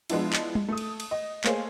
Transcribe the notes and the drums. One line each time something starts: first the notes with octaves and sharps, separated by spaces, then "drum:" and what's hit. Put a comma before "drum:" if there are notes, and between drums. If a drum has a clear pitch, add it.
F3 G#3 B3 D4 E4, drum: cymbal
drum: clap
drum: tom
A3 D#6
drum: cymbal
drum: cymbal
D#5
A3 A#3 G#4 C5 C#5 F5, drum: clap